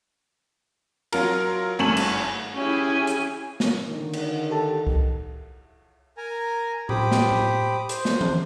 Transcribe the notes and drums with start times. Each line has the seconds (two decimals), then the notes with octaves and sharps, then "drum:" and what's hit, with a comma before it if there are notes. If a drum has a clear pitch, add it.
1.12 F#3 F4 A#4, drum: cymbal
1.79 G#1 G2 A3 G#5 E7 F#7
1.97 drum: cymbal
2.55 C#4 E4 G4 G#4 G#5
3.07 drum: hi-hat
3.60 drum: snare
3.87 D3 D#3
4.13 drum: cymbal
4.50 G4 A4 A5
4.87 drum: kick C2
6.17 A#4 G#5 A#5
6.89 G4 C5 B5 D6 D#6, drum: tom A2
7.11 drum: snare
7.31 drum: tom A2
7.89 C5, drum: hi-hat
8.05 drum: snare
8.21 drum: tom E3